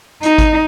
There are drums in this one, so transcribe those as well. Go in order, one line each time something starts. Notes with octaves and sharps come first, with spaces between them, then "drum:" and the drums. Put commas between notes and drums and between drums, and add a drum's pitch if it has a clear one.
D#4, drum: hi-hat
drum: kick G#1, hi-hat